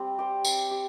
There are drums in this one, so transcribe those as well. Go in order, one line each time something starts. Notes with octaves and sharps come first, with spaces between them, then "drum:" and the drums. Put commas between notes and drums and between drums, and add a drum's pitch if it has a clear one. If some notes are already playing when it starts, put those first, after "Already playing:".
Already playing: G3 C4
G4 C5
C4, drum: tambourine
G4